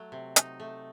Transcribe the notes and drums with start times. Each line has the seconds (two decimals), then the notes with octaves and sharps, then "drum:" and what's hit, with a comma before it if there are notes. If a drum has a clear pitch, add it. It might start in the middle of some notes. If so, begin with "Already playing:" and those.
Already playing: F#3 A3
0.12 C3
0.36 D#4, drum: hi-hat
0.60 A3